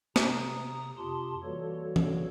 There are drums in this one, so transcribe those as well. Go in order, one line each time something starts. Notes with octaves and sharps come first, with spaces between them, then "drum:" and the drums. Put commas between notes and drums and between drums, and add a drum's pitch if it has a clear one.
C3 A#5 D#6, drum: snare
F2 C3 F4 G4 A5 C6
E3 G3 A#3 F#4 A4 C#5
drum: tom E3